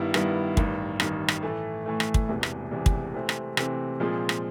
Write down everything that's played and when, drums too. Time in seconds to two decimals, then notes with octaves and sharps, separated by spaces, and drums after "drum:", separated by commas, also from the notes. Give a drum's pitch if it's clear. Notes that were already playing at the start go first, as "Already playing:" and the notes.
Already playing: G2 D#3 G3 B3 E4
0.14 G2 D#3 G3 B3 E4, drum: rim click
0.57 A1 G2 D#3, drum: kick
1.00 A1 G2 D#3, drum: rim click
1.28 drum: rim click
1.43 A2 E3 A3
1.86 A2 E3 A3
2.00 drum: rim click
2.14 drum: kick
2.28 E1 E2 C3 E3
2.43 drum: rim click
2.71 E1 E2 C3 E3
2.86 drum: kick
3.14 C3 E3 A3 C4
3.29 drum: rim click
3.57 C3 E3 A3 C4, drum: rim click
4.00 A#2 F3 G#3 C4 F4
4.29 drum: rim click